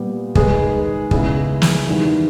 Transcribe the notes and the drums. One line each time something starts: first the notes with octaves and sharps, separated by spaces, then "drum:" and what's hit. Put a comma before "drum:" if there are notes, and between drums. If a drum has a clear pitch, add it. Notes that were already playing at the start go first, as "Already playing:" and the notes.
Already playing: A#2 G3 B3
D#3 G#3 D#4 G#4 B4, drum: kick
C#2 C#3 G#3 B3 E4, drum: kick
drum: snare
E2 D#3 G3 B3 E4